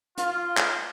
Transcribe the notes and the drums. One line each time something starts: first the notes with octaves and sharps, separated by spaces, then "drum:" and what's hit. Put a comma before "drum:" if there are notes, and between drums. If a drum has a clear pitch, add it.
F4, drum: hi-hat
drum: clap